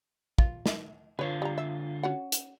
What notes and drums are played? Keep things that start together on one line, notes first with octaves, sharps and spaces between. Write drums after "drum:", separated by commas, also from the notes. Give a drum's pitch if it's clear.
F4, drum: kick
drum: snare
D3 F4 B4 C#5
G3 A#5
E5
C#4 F#4 F#5
drum: hi-hat